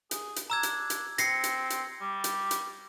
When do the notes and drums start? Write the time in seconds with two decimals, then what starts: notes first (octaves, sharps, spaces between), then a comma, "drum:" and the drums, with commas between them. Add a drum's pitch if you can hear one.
0.11 G#4, drum: hi-hat
0.36 drum: hi-hat
0.50 D4 A#5 E6 G#6
0.63 drum: hi-hat
0.90 drum: hi-hat
1.18 C4 A#6 C7 C#7, drum: hi-hat
1.44 drum: hi-hat
1.70 drum: hi-hat
2.01 G3
2.24 drum: hi-hat
2.51 drum: hi-hat